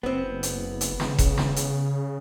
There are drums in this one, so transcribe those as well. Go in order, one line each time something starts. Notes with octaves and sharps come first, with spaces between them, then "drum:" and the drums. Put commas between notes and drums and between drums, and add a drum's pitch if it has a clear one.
F#1 B3 C4
drum: hi-hat
drum: hi-hat
C#3, drum: snare
drum: kick E1, hi-hat
drum: snare
drum: hi-hat